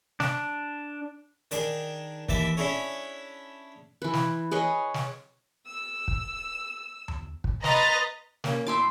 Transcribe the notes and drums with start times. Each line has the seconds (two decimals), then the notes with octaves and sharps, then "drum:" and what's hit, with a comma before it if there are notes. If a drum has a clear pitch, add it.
0.20 D4, drum: snare
1.51 D#3 D4 G#4, drum: hi-hat
2.29 D#2 E3 E5 A5 D6, drum: kick
2.57 C#4 D4 E4 G#4 C#5
4.02 E3 B4
4.13 drum: snare
4.51 G#4 B4 C#5 D#5
4.94 drum: snare
5.67 E6
6.08 drum: kick
7.08 drum: tom E2
7.44 drum: kick
7.64 B4 D#5 A#5 C6 A6, drum: snare
8.44 A#3 C#4, drum: snare
8.67 A2 E5 C6 D6